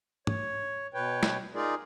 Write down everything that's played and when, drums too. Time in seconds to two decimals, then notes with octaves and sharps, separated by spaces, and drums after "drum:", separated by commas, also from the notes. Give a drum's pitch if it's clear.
0.27 C#5, drum: tom G#2
0.94 B2 B4 C#5 G5
1.23 drum: snare
1.55 D#4 F4 G#4 A#4 D5